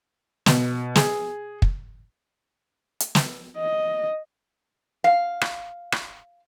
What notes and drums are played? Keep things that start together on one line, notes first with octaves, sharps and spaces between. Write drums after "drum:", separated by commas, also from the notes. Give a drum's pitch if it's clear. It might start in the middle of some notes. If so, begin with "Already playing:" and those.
B2, drum: snare
G#4, drum: snare
drum: kick
drum: hi-hat
drum: snare
D#5
F5
drum: rim click
drum: rim click